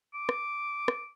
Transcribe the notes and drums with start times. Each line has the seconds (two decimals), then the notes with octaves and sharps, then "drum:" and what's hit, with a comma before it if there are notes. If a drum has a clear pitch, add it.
0.14 D6
0.29 drum: rim click
0.88 drum: rim click